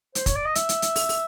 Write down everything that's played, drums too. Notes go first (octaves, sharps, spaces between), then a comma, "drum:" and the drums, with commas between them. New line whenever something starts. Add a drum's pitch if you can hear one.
C5, drum: hi-hat
C#5, drum: kick, hi-hat
D5
D#5
E5, drum: hi-hat
drum: hi-hat
drum: hi-hat
drum: open hi-hat
drum: open hi-hat